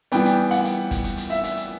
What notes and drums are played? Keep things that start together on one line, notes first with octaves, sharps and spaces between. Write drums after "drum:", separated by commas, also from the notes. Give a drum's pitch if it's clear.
E3 G3 B3 G5, drum: hi-hat
drum: hi-hat
F#5, drum: hi-hat
drum: hi-hat
drum: kick, hi-hat
drum: hi-hat
drum: hi-hat
E5, drum: hi-hat
drum: hi-hat
drum: hi-hat